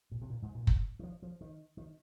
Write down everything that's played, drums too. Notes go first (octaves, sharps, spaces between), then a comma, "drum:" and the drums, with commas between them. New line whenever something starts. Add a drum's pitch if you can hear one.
A#2
C3
A#2
G#2
A#2
drum: kick
D#3
F3
F3
D#3
D#3